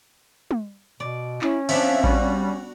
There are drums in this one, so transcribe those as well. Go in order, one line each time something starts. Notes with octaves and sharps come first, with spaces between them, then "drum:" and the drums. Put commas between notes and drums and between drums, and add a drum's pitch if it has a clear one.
drum: tom
B2 D5
C#4 E4, drum: clap
F3 B3 C4 D4 E5, drum: cymbal
G3 F#4, drum: kick A1